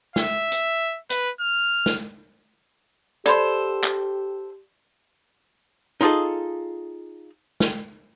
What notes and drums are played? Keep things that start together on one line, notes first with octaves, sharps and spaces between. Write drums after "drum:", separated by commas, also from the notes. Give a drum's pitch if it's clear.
E5, drum: snare
drum: hi-hat
B4, drum: hi-hat
F6
drum: snare
G4 A4 C5 D5 B5, drum: hi-hat
drum: clap
D#4 F4 G#4 A4 D#5
drum: snare